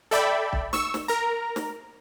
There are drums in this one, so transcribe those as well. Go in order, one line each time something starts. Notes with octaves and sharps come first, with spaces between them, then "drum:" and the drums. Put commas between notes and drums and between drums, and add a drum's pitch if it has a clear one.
A4 D5 E5 G5 B5
drum: kick
C#6 E6, drum: snare
drum: snare
A#4 A#5
drum: snare